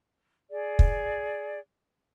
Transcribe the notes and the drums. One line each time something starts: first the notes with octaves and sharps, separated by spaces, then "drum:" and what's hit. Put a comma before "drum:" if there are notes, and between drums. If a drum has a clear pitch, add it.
G#4 D5
drum: kick